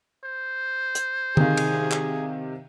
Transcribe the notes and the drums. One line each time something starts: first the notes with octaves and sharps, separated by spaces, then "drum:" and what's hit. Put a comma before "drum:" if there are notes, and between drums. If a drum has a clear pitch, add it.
C5
drum: hi-hat
C3 D#3 G#4 F5, drum: tom D3
drum: cymbal
drum: clap